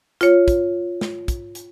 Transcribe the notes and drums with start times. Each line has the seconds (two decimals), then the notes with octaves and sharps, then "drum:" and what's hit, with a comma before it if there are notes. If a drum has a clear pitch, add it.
0.21 F4 C#5, drum: hi-hat
0.48 drum: kick, hi-hat
1.01 drum: snare
1.28 drum: kick, hi-hat
1.55 drum: hi-hat